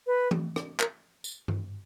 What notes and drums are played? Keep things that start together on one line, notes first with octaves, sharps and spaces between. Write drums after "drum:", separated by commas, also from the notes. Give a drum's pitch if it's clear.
B4
drum: tom E3
drum: rim click
A#4, drum: clap
drum: tambourine
drum: tom G2